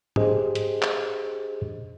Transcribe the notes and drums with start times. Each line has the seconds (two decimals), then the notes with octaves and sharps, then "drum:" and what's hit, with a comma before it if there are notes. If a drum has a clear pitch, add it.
0.16 D4 G4 G#4 C5 D#5, drum: tom G#2
0.55 drum: hi-hat
0.82 drum: clap